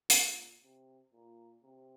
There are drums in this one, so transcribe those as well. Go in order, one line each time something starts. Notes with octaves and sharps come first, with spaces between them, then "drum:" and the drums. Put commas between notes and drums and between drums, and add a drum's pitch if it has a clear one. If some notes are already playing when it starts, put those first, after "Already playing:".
A#2, drum: hi-hat
C3
A#2
C3